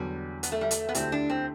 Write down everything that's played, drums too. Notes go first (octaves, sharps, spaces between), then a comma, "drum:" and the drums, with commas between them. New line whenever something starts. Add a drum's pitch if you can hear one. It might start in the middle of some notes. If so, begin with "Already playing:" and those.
Already playing: E2 D3 F#3 G3
B3, drum: hi-hat
A3
G3
A3, drum: hi-hat
B3
D2 D3 A3 C4 E4 G4, drum: hi-hat
D4
C4